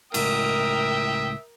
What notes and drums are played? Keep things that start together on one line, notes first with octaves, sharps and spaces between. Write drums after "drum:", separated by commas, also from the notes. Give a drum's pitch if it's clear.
C#2 A2 F#4 A#4 E5 G5 D#6, drum: cymbal